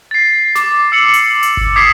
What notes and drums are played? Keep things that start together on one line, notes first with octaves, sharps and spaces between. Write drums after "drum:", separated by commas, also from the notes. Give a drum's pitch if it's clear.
A6 C7
D6, drum: snare
E6 C#7 F#7
drum: hi-hat
drum: hi-hat
drum: kick G1
D6 D#6 G#6 B6 C7 D7